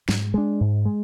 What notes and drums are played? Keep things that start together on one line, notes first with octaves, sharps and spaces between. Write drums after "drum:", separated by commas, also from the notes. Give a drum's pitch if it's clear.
G#2, drum: snare
G#3 D4
G#2
G#3